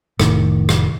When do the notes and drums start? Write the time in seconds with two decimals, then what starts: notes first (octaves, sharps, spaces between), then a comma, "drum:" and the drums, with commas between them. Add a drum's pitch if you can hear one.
0.20 F1 A2 D#3, drum: rim click
0.69 drum: rim click